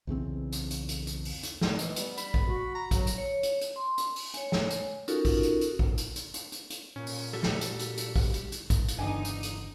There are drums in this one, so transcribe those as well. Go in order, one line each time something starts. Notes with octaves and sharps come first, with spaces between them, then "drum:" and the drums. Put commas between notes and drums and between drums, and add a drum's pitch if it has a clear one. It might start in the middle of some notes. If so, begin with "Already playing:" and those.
B1 E2 C#3 C4
drum: hi-hat
drum: hi-hat
drum: hi-hat
drum: hi-hat
drum: open hi-hat
drum: hi-hat
drum: snare
E3 D#5, drum: hi-hat
G3 B3, drum: hi-hat
B5, drum: hi-hat
drum: kick
F#4
A#5
F#3, drum: kick, hi-hat
drum: hi-hat
C#5
drum: hi-hat
drum: hi-hat
C6
drum: hi-hat
drum: open hi-hat
C#5 G#5, drum: hi-hat
drum: snare
drum: hi-hat
C#4 D#4 F4 F#4 A4 A#4, drum: hi-hat
drum: kick, open hi-hat
drum: hi-hat
drum: hi-hat
drum: kick
drum: hi-hat
drum: hi-hat
drum: hi-hat
drum: hi-hat
drum: hi-hat
A#2 C#4
drum: open hi-hat
G3 F#4 A4
drum: snare
drum: hi-hat
drum: hi-hat
drum: hi-hat
drum: kick, open hi-hat
drum: hi-hat
drum: hi-hat
drum: kick, hi-hat
drum: hi-hat
F#1 E2 G2 D3 D#4 G#5
drum: hi-hat
drum: hi-hat